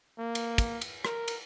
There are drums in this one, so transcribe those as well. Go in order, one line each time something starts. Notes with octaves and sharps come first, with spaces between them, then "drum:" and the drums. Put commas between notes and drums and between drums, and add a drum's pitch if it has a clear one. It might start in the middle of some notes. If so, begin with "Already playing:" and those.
A#3
drum: cymbal
drum: kick, cymbal
drum: cymbal
A#4, drum: rim click
drum: cymbal